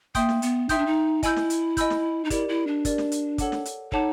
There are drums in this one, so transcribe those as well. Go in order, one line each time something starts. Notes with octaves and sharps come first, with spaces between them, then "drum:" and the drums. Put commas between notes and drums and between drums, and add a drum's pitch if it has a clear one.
A#3 E5 G5 C6 D#6 G6, drum: kick, hi-hat
drum: snare
B3, drum: hi-hat
D#4 E5 G5 C6 D#6 G6, drum: kick, hi-hat
D4
D#4
E4 D#5 G#5 B5 E6 G6, drum: kick, hi-hat
drum: snare
drum: hi-hat
D#5 G#5 B5 E6 G6, drum: kick, hi-hat
drum: snare
D#4
E4 G4 A#4 D5, drum: kick, hi-hat
E4
D4
G4 A#4 D5, drum: kick, hi-hat
drum: snare
drum: hi-hat
A4 C#5 F#5 A5 D6, drum: kick, hi-hat
drum: snare
drum: hi-hat
D#4 A4 C#5 F#5 A5 D6, drum: kick